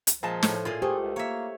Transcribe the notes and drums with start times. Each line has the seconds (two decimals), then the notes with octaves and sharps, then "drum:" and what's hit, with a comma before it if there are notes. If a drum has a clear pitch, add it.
0.07 drum: hi-hat
0.23 A#2 F3 G#3 A5
0.43 A2, drum: snare
0.65 A#2 F4 G#4
0.82 A3 G4 G#4 C5
0.99 C#2
1.16 A#3 C#5 E5